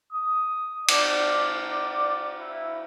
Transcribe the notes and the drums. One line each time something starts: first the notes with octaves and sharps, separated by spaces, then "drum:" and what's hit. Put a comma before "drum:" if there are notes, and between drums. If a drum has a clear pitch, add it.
D#6
D5, drum: cymbal
D5
E4